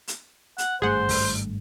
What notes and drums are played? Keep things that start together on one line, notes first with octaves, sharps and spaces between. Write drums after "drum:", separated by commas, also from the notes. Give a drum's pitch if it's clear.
drum: hi-hat
F#5, drum: hi-hat
G#1 G2 A3 G#4 C5 F#5
drum: kick, open hi-hat